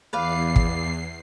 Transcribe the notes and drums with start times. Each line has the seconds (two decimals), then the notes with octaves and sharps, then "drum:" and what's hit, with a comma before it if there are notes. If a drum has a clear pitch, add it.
0.13 E2 B4 D5 F5 C7
0.56 drum: kick